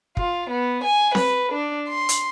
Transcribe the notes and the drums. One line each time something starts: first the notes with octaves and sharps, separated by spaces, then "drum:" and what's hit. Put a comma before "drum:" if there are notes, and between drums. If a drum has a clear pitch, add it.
F4, drum: kick
B3
G#5
B4, drum: snare C4
D4
C6
drum: hi-hat